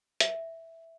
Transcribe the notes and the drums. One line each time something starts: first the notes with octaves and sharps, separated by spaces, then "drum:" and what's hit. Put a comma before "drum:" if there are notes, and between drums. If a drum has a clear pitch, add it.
E5, drum: hi-hat